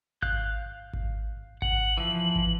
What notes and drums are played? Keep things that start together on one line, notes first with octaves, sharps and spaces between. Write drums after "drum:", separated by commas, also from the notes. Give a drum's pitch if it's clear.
F5 F#6 G6, drum: kick G#1
drum: kick G#1
F#5 F#7, drum: kick G#1
E3 F3
drum: kick G#1